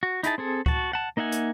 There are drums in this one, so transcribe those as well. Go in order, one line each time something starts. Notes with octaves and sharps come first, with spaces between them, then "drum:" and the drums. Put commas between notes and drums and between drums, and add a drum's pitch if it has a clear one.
F#4
D#4 E4 G#4 A5, drum: hi-hat
C4 G#4 A4
F#4 A5, drum: kick C#2
F#5 A5
A#3 D#4 E5 F#5 G#5
drum: hi-hat